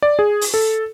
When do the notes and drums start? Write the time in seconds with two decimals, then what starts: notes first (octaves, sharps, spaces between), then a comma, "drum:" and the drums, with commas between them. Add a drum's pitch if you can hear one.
0.03 D5
0.19 G#4
0.41 drum: open hi-hat
0.54 A4